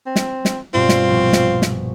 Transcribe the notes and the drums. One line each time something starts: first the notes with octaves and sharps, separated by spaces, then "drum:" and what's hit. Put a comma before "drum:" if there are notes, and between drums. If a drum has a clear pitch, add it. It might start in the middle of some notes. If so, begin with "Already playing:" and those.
C4
drum: snare
drum: snare
G2 B2 C4 F4
drum: snare
A#1 B2
drum: snare
drum: snare